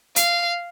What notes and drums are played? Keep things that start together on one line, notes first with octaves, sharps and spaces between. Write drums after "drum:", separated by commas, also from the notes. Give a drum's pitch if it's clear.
F5, drum: hi-hat